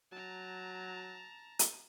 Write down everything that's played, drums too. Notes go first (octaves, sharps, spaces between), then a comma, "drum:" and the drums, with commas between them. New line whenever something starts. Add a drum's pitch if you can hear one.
F#3 A5 A#5
drum: hi-hat